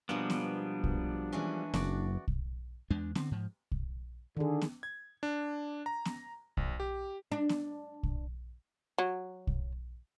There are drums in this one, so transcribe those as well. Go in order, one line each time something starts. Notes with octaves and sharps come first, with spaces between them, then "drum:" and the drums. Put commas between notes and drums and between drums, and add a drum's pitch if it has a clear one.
B2 F3 G3 G#3 A#3 B3 D4
drum: snare B3
drum: kick
E3 G#3 C#4
F#1 F#4 D5, drum: snare B3
drum: kick
E2 G#3 D4
D3 C4, drum: snare B3
G#2 F3
drum: kick
D3 D#3 G#4
drum: snare B3
G#6
D4
A#5
drum: snare B3
A#1, drum: kick
G4
D4
drum: snare B3
drum: kick
F#3
drum: kick